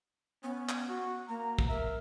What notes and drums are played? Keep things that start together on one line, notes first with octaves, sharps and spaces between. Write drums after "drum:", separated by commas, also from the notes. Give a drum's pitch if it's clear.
B3 C#4
drum: clap
F#4
A#3 A#5
drum: kick
A#4 E5